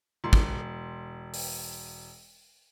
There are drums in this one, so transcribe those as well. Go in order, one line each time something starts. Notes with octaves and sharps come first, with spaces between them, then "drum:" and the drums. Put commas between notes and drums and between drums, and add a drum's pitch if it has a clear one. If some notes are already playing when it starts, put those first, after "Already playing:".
E1 C6
drum: kick
drum: open hi-hat